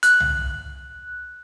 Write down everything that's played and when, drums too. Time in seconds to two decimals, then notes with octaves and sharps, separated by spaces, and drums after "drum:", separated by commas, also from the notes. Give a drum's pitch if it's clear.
0.03 F#6, drum: hi-hat
0.20 drum: tom C2